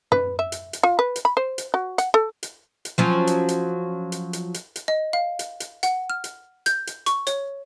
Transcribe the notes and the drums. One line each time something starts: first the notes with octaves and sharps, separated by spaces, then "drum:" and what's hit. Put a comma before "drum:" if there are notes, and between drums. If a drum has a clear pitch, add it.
B4, drum: tom F#2
E5
drum: hi-hat
drum: hi-hat
F4
B4
drum: hi-hat
B5
C5
drum: hi-hat
F#4
F#5, drum: hi-hat
A4
drum: hi-hat
drum: hi-hat
F3 F#3 C#4
drum: hi-hat
drum: hi-hat
drum: hi-hat
drum: hi-hat
drum: hi-hat
drum: hi-hat
D#5
F5
drum: hi-hat
drum: hi-hat
F#5, drum: hi-hat
F6
drum: hi-hat
G6, drum: hi-hat
drum: hi-hat
C#6, drum: hi-hat
C#5, drum: hi-hat